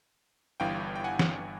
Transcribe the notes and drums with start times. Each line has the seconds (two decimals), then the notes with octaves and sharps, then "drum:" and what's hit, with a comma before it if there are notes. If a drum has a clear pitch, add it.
0.60 G1 G2 E3 F5 G5
0.96 G5
1.04 F#5 G#5
1.19 drum: snare